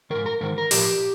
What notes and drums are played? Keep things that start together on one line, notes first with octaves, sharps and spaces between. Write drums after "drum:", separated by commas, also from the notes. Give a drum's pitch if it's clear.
G#2 D#3 A#4
A#4
G#2 D#3 A#4
A#4
A#2 F3 G4, drum: open hi-hat